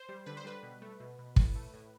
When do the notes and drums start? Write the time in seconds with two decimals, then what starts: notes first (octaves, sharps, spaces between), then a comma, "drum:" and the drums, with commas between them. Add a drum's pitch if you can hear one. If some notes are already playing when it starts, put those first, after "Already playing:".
Already playing: C5
0.09 G3
0.26 D3 B4
0.37 C5
0.45 G3 B4
0.63 B2
0.82 A3
1.00 B2
1.19 B2
1.36 A2, drum: kick
1.55 A3
1.74 A2